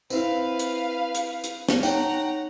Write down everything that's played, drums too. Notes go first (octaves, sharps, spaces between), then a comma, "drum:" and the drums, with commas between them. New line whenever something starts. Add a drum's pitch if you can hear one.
C4 E4 B4 F5, drum: tambourine
drum: hi-hat
drum: hi-hat
drum: hi-hat
drum: snare
D#4 C#5 F#5 G5 A#5, drum: tambourine